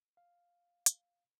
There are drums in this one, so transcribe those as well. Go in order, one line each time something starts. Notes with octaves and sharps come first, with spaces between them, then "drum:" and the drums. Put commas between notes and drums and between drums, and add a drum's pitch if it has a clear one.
F5
drum: hi-hat